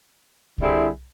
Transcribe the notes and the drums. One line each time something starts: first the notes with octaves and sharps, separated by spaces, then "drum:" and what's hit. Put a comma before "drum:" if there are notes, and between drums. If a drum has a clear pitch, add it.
D3 G3 C4 E4 G#4, drum: kick C2